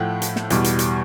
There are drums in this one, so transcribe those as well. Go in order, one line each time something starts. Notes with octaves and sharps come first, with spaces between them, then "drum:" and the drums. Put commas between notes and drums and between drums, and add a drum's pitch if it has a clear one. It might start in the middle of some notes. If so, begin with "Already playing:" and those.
Already playing: A2 F3 A3 F#5 G5
drum: hi-hat
drum: snare
E2 B2 G3, drum: hi-hat
drum: hi-hat
drum: hi-hat